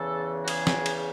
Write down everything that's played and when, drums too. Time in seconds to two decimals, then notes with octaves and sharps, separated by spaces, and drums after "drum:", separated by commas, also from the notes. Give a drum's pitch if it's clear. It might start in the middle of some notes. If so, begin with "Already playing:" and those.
Already playing: E2 C#3 E3 A4
0.43 F#4
0.48 G#4, drum: cymbal
0.67 drum: snare
0.86 drum: cymbal